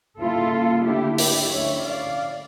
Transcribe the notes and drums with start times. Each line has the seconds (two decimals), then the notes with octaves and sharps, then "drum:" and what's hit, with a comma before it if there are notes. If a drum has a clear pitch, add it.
0.19 C#3 G3 A#3 E4 F4 A4
0.85 D3 A3 D4 E4 G4
1.18 E4 G4, drum: open hi-hat
1.51 D2 D3 F3 C#4 E4 C#5 E5
1.85 D5 F5